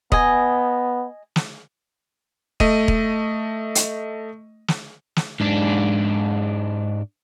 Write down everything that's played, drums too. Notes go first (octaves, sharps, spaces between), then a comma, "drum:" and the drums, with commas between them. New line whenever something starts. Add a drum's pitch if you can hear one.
B3 D#5 G#5, drum: kick
drum: snare
A3 D#5 D#7, drum: kick
drum: kick
drum: hi-hat
drum: snare
drum: snare
G#2 D4